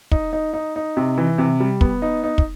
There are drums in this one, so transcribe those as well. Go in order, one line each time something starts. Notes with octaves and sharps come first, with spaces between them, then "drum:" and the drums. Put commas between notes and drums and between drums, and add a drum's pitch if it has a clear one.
D#4, drum: kick
D#4
D#4
D#4
C3
E3
C3
G3
B3, drum: kick
D#4
D#4
drum: kick